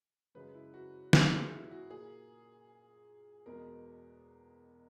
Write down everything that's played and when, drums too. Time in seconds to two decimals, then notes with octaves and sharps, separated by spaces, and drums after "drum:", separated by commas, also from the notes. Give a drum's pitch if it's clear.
0.35 F#2 C#3 G#3 B4
0.55 E4
0.74 F#4
1.13 F#4, drum: snare
1.32 G#4
1.51 E4
1.65 E4
1.71 F#4
1.90 A#2 A#3 G#4
3.46 E2 B2 G#3 B3 A#4